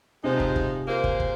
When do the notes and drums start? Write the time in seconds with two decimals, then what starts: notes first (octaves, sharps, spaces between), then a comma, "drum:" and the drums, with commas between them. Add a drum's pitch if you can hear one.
0.24 C3 F3 G#3 D#4 C5
0.40 drum: kick
0.56 drum: kick
0.88 A#2 A#3 G#4 C5
1.04 drum: kick
1.20 drum: kick